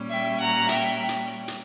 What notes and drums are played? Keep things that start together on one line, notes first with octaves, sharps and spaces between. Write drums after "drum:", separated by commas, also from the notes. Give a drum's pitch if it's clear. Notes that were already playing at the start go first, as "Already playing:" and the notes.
Already playing: A#2 G3 C#4
E5 G5
F#5 A#5
E5 G5, drum: hi-hat
drum: hi-hat
drum: hi-hat